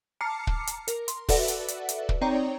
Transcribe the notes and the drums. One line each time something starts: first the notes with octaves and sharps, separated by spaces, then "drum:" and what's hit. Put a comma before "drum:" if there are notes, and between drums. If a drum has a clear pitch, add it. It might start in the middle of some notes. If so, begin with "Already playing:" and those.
A5 A#5 D6 F6 C7 C#7
drum: kick
drum: hi-hat
A#4, drum: hi-hat
C6, drum: hi-hat
F#4 A4 B4 D5 E5 F#5, drum: kick, open hi-hat
drum: hi-hat
drum: hi-hat
drum: hi-hat
drum: kick
C4 D#4 C#5 D5 G5 A#5